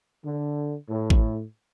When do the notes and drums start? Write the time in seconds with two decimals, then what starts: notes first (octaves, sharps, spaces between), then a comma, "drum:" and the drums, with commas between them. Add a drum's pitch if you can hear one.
0.24 D3
0.89 A2
1.10 drum: kick A1